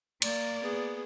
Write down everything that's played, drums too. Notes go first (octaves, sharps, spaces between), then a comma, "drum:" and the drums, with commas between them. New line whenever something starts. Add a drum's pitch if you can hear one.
A#3 D5, drum: cymbal
B3 G#4